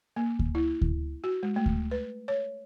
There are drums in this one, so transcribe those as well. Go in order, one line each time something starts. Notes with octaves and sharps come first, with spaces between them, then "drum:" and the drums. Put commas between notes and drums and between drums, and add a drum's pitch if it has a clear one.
A#3
drum: kick D2
E4
drum: kick D2
F#4
G#3
A3
drum: kick D2
B4
C#5